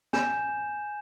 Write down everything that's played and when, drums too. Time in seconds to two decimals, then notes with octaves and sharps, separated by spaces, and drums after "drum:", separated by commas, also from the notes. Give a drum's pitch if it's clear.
0.13 G#5 G6 E7, drum: snare